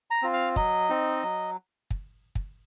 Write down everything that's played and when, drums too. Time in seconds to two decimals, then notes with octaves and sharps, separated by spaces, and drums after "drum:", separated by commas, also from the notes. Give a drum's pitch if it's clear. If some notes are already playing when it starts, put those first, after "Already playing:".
0.11 A#5
0.22 C4 F4
0.33 F5
0.56 F#3 D#5, drum: kick
0.89 C4 D#4
1.23 F#3
1.91 drum: kick
2.35 drum: kick